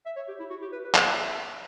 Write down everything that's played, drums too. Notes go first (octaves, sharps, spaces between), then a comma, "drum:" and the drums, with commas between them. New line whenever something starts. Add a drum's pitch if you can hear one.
E5
C#5
G4
E4
F#4
G4
B4
B4
D5, drum: clap
E5